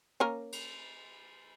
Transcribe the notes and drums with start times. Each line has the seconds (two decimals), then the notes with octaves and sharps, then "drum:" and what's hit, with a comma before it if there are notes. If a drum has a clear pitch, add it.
0.20 A#3 C#4 A#4
0.52 drum: cymbal